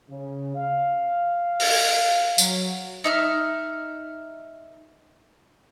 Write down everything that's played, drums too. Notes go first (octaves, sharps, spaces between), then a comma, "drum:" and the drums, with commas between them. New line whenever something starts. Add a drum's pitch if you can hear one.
C#3
F5
drum: open hi-hat
F#3, drum: tambourine
D#4 E5 F6